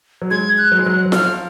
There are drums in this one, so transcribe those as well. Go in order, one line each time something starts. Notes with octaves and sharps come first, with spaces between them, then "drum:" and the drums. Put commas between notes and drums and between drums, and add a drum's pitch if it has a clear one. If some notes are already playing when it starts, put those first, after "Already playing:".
F#3
G#3 G#6
F#6
F#3
G#3
F#3 F#6
F#3
F3 F6, drum: snare F4